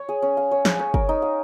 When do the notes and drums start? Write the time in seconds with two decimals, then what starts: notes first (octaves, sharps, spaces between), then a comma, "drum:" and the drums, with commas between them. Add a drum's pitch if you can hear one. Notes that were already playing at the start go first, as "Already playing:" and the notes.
Already playing: C#5
0.09 G#4
0.22 C#4
0.37 F5
0.51 C#5
0.65 G#4, drum: snare
0.79 C#5
0.94 A#4, drum: kick
1.09 D#4
1.22 F5